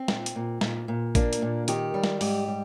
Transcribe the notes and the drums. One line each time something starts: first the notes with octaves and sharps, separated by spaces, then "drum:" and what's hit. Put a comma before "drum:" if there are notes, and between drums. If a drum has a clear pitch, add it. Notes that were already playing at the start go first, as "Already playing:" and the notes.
Already playing: C4
A#2, drum: snare
drum: hi-hat
A#2
A#2, drum: snare
A#2
A#3 D4, drum: kick A1, hi-hat
drum: hi-hat
A#2
D#3 G4, drum: hi-hat
G3
drum: snare
G#2 G4, drum: open hi-hat
G3